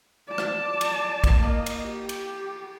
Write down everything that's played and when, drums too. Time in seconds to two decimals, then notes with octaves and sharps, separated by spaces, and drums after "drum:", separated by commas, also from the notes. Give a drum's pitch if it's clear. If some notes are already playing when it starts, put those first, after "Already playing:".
0.28 D5 A5
0.38 drum: rim click
0.81 drum: cymbal
1.24 drum: kick, cymbal
1.38 A#3 D#5
1.66 drum: cymbal
1.88 G4
2.09 drum: cymbal